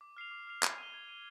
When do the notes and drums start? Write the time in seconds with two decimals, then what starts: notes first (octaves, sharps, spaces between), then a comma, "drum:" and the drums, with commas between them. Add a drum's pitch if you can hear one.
0.01 D6
0.17 F6 C7 F7
0.31 D6
0.47 F6 C7 F7
0.63 G#6, drum: clap
0.78 D#7 G7
0.94 G#6
1.09 D#7 G7